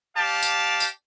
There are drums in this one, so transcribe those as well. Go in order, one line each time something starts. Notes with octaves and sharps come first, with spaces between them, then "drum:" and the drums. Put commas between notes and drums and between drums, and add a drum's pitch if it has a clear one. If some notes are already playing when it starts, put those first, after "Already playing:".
G4 D5 F5 A5
drum: tambourine
drum: tambourine